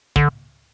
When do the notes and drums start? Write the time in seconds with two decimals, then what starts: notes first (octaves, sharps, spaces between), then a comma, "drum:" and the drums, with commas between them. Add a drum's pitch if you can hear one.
0.16 D3, drum: kick